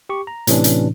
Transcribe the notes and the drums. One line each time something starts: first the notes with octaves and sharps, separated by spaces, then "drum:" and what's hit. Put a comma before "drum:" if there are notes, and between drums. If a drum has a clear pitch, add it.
G4 C#6
A#5
A2 C3 E3 C#4 D4, drum: hi-hat
drum: hi-hat